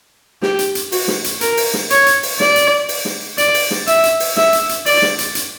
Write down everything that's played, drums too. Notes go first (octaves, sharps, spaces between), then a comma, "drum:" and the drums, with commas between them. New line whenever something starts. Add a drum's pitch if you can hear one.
G4, drum: snare
drum: hi-hat
drum: hi-hat
F#4, drum: open hi-hat
drum: snare
drum: hi-hat
A#4, drum: hi-hat
drum: open hi-hat
drum: snare
C#5, drum: hi-hat
drum: hi-hat
drum: open hi-hat
D5, drum: snare
drum: hi-hat
drum: open hi-hat
drum: snare
D5, drum: hi-hat
drum: open hi-hat
drum: snare
E5, drum: hi-hat
drum: hi-hat
drum: open hi-hat
E5, drum: snare
drum: hi-hat
drum: hi-hat
D5, drum: open hi-hat
drum: snare
drum: hi-hat
drum: hi-hat